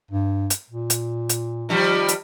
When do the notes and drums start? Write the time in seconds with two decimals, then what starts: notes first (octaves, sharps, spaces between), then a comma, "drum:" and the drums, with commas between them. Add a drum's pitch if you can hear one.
0.11 G2
0.50 drum: hi-hat
0.71 A#2
0.90 drum: hi-hat
1.29 drum: hi-hat
1.69 D#3 F3 G3
2.08 drum: hi-hat